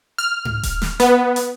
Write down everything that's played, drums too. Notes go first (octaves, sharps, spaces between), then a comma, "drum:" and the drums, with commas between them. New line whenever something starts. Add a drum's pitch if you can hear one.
F6
drum: tom G#2
drum: kick D#1, hi-hat
drum: snare
B3, drum: hi-hat
drum: hi-hat